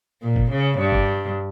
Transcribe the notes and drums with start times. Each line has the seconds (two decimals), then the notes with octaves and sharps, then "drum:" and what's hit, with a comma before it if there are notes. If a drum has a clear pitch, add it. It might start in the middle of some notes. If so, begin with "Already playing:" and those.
0.22 A#2
0.36 drum: kick
0.50 C#3
0.78 G2
0.92 drum: kick